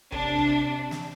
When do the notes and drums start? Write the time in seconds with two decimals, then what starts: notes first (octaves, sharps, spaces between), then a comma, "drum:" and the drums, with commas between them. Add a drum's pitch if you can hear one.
0.12 C3 D4, drum: kick
0.39 drum: kick
0.91 drum: snare